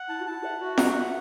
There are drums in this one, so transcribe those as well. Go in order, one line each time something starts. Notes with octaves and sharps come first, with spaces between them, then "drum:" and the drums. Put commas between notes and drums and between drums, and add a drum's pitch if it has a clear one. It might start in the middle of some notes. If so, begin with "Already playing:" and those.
Already playing: F#5
E4 A5
F#4
E4 A5
E5 F#5
F#4
E5 F#5, drum: snare
F#5